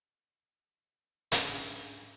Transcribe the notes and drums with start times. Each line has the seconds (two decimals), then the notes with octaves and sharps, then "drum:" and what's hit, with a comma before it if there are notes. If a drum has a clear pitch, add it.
1.32 G#2 C#4 D4 G#4 G#5 D6, drum: hi-hat